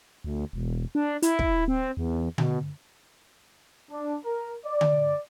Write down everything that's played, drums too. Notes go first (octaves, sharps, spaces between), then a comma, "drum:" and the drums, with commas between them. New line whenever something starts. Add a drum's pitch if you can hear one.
D2
E1
D4
E4, drum: hi-hat
drum: kick
C4
E2
B2, drum: tom D3
D4
A#4
D5
drum: tom D3